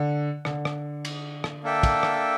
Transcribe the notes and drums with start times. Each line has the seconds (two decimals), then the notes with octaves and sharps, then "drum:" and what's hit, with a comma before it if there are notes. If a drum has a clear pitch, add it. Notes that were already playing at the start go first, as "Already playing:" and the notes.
Already playing: D3
0.45 D3, drum: rim click
0.65 drum: rim click
1.05 drum: cymbal
1.44 drum: rim click
1.63 A#3 D4 A4 E5 G5
1.83 drum: kick, cymbal
2.03 drum: rim click